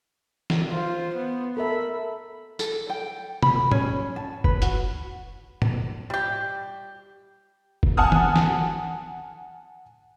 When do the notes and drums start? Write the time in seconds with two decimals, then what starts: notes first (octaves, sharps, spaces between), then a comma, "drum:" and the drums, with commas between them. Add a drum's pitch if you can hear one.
0.50 drum: snare
0.69 F4 C5
1.14 B3
1.57 A4 A#4 E5 B5
2.59 A4, drum: tambourine
2.90 G5
3.42 B5, drum: tom
3.72 C#4, drum: tom
4.16 A5
4.44 B4, drum: kick
4.62 F#4, drum: hi-hat
5.62 drum: tom
6.10 G3 G4
7.83 drum: kick
7.97 F#5 G#5 A5 D#6 F6
8.12 drum: tom
8.36 drum: snare